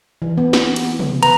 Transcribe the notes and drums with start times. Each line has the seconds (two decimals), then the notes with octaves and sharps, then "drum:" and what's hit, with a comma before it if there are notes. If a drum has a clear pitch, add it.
0.22 E3
0.38 B3
0.53 drum: snare
0.76 drum: cymbal
0.99 drum: tom
1.23 B4 A#5, drum: cymbal